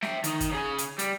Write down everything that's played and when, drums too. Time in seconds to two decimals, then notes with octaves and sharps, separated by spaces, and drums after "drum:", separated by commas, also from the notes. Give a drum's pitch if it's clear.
0.02 E5 G5, drum: snare
0.24 D#3 D#4, drum: hi-hat
0.40 drum: kick, hi-hat
0.51 C#3 G#4
0.78 drum: hi-hat
0.99 G3, drum: hi-hat